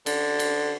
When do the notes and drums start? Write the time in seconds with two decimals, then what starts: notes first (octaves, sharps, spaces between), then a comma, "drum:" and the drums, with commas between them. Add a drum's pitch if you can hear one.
0.06 D3, drum: cymbal
0.39 drum: cymbal